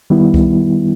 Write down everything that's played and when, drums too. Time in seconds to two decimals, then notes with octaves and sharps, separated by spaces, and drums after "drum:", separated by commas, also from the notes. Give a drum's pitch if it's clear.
0.10 D#3 G3 B3 E4
0.34 drum: kick C2